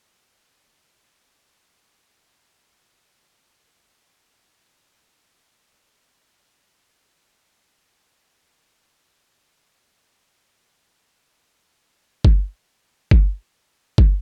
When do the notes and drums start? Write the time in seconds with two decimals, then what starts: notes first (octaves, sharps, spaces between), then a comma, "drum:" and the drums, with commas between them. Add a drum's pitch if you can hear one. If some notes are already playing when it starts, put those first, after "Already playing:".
0.24 A#3 C5
0.44 C3
0.63 D#3
0.82 F2
1.01 A#3
1.20 C3
1.40 D#3 G#4
1.59 G#3
1.78 D#4
1.97 D#3 A#4
2.17 D#3
2.36 G#3
2.55 C#4
2.75 D#3
2.94 A#3
3.13 C3 C5
3.33 C#4
3.51 D#3
3.71 D#4 C5
3.91 F3
4.10 A#3
4.29 C3
4.48 D#4
4.68 F3
4.86 C#4
5.06 F3
5.26 G#3
5.45 A#2
5.65 C#4
5.83 F3
6.02 C3 A#5
6.21 G3
6.41 C#4
6.60 C3
6.79 C3
6.99 G3
7.18 C#4
7.38 G3
7.57 A#3
7.76 A#2 C6
7.96 C#4
8.05 C#6
8.15 G3
8.34 D#4 C6
8.53 G#3 A#5
8.72 C4 C6
8.92 C#3 C#6
9.11 D#4
9.31 G#3
9.50 C#3
9.69 G#3
9.88 D#4
10.07 C#3 C6
10.26 C#3
10.36 C#6
10.46 G#3
10.66 D#4
10.85 G#3
11.04 C4
11.23 A#2
11.43 D#4
12.25 drum: kick G1
13.11 drum: kick G1
13.98 drum: kick G1